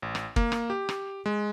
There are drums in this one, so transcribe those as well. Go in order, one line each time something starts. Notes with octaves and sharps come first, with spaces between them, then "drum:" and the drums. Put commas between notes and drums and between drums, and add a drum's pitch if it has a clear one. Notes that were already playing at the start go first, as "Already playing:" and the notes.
A1
drum: rim click
A#3, drum: kick
drum: rim click
G4
drum: rim click
G#3